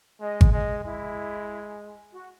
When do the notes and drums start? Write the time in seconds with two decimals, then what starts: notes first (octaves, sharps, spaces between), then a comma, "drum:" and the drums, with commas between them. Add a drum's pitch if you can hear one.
0.21 G#3 D#5
0.41 drum: kick G#1
0.52 G#3 D#5
0.84 G#3 E4
2.11 F#4